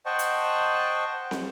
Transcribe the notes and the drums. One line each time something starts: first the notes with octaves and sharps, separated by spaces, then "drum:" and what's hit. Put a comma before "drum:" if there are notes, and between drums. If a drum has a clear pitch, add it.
C5 D#5 F#5 G5 A5 C#6
drum: hi-hat
drum: snare